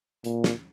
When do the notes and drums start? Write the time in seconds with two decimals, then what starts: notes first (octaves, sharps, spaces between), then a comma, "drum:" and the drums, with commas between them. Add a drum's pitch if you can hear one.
0.24 A#2, drum: hi-hat
0.44 drum: snare